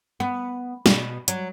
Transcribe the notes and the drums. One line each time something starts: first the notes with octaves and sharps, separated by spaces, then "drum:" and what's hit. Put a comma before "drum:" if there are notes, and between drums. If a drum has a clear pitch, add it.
B3
B2, drum: snare
F#3, drum: hi-hat